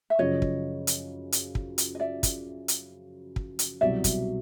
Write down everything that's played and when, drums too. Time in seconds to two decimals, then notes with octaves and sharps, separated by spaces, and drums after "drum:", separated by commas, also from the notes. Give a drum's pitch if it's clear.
0.10 E5
0.19 F#2 C#3 F3 C#5 D#5
0.42 drum: kick
0.87 drum: hi-hat
1.32 drum: hi-hat
1.55 drum: kick
1.78 drum: hi-hat
1.95 D#5
2.00 D5 E5
2.23 drum: kick, hi-hat
2.68 drum: hi-hat
3.36 drum: kick
3.59 drum: hi-hat
3.81 C2 B2 F#3 D5 E5
4.04 drum: kick, hi-hat